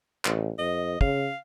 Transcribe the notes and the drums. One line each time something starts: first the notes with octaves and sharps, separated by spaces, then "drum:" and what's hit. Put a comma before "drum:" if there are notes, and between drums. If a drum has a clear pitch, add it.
A1, drum: clap
F2 D#5
C#3 F5, drum: kick